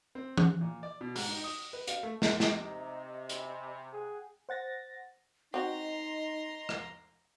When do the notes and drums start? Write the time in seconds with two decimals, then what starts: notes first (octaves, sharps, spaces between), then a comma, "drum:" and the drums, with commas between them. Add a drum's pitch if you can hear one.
0.15 C4
0.38 F#6, drum: tom E3
0.61 A#2
0.83 D5
1.01 B2
1.16 G#2, drum: open hi-hat
1.29 D#4
1.44 D#6
1.73 B4
1.87 F5, drum: hi-hat
2.03 A3
2.22 drum: snare
2.40 C3 D#4 D#5, drum: snare
3.29 E5 G#5 B5, drum: hi-hat
3.93 G#4 F#5 G5
4.49 C5 F#5 A6 A#6
5.54 C4 D#4 F#4 D#5 A#5 C6
6.69 drum: rim click